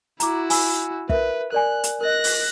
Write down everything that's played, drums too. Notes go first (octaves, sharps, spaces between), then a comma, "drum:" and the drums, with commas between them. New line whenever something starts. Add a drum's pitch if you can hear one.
E4 F#4 A#5 D6, drum: hi-hat
G#5 B5 E6, drum: open hi-hat
A#4 B4 E5, drum: kick
A#4 D5 G#5 F#6
drum: hi-hat
A#4 D#5 F#6 A#6
drum: open hi-hat